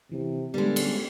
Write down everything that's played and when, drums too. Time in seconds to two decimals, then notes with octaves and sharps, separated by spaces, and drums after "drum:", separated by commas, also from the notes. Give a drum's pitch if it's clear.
0.12 C3 E3
0.54 D3 G3 G#3 B3 A4
0.76 drum: cymbal